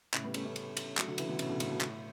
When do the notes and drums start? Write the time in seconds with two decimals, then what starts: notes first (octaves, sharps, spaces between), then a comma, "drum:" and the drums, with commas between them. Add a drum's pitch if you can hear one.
0.14 A2 C#3, drum: clap
0.24 G3 B3
0.34 A3 C#4, drum: cymbal
0.45 A3 C#4
0.56 drum: cymbal
0.77 drum: cymbal
0.97 F#3 A3, drum: clap
1.08 D3 F#3
1.18 C#3 E3, drum: cymbal
1.29 B2 D3
1.39 A2 C#3, drum: cymbal
1.49 B2 D3
1.60 A2 C#3, drum: cymbal
1.71 B2
1.81 A2, drum: clap